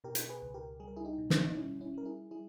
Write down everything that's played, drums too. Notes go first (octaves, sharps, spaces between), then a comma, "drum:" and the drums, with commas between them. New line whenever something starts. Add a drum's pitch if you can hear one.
B2 G4 A#4
drum: hi-hat
G#4 B4
C#2
G4 A#4
G3 G#4
A#4
E4 G#4
D#4 G4
B2
B3 D#4, drum: snare
D#4
G3 C#4 E4
C#4 E4
G3 A#4
E4 G#4
G3 E4 G#4